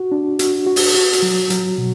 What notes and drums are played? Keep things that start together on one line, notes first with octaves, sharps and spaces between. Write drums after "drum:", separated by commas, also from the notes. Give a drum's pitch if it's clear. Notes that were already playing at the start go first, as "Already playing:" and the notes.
Already playing: F#4
D4
F#4, drum: hi-hat
F#4
drum: open hi-hat
F#4
drum: hi-hat
F#3
F#3, drum: hi-hat
B2